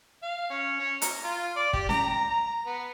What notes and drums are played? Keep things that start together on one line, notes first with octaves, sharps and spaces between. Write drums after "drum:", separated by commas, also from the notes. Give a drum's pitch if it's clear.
F5
C#4
C#4
A#5, drum: hi-hat
F4
D5
G4, drum: kick
A#5, drum: snare C#4
A#5
B3